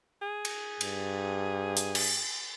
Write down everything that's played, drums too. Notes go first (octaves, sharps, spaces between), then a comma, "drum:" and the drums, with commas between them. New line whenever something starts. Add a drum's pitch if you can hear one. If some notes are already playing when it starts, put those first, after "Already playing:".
G#4
drum: cymbal
G2, drum: cymbal
drum: hi-hat
drum: cymbal